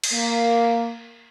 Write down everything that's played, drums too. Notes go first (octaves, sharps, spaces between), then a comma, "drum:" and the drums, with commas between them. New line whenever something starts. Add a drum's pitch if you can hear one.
drum: cymbal
A#3